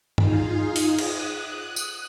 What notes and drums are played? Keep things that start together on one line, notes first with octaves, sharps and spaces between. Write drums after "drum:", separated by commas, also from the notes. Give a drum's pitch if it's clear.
D#4 F4 G#4 F5, drum: tom G2
drum: open hi-hat
D#6 F#6, drum: cymbal
drum: tambourine